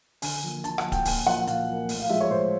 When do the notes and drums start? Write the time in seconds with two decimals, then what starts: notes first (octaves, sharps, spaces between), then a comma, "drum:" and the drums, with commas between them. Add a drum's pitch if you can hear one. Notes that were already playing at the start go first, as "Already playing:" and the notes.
0.22 D3 G#5, drum: open hi-hat
0.43 F3 A#3
0.64 D3 A5, drum: hi-hat
0.78 F#5, drum: rim click
0.85 F3 A#3
0.92 G5, drum: kick D1, hi-hat
1.05 A#2 G#5, drum: open hi-hat
1.27 F3 A#3 F#5
1.47 A#2 F5, drum: hi-hat
1.69 F3 A#3
1.89 A2, drum: open hi-hat
1.99 F5
2.10 F3 G#3 E5
2.21 C#5
2.31 A2 C5